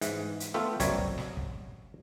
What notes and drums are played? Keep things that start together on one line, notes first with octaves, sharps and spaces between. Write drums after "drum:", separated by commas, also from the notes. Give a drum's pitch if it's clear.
G#2 E3, drum: hi-hat
drum: hi-hat
A3 B3 F4 E5 G5
F#2 C3 F#3 G3 C#5, drum: kick, hi-hat
drum: kick
drum: snare
drum: kick